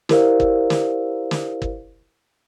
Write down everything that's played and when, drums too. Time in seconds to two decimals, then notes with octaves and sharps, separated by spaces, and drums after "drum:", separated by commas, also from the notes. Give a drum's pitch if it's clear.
0.09 E4 G4 A#4 C5 D5 F5, drum: snare
0.40 drum: kick
0.70 drum: snare
1.31 drum: snare
1.62 drum: kick